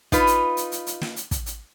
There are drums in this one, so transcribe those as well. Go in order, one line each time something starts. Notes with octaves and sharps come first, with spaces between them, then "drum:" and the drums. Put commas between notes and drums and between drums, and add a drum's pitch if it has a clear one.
D#4 F4 B4, drum: kick, hi-hat
drum: hi-hat
drum: hi-hat
drum: hi-hat
drum: hi-hat
drum: snare
drum: hi-hat
drum: kick, hi-hat
drum: hi-hat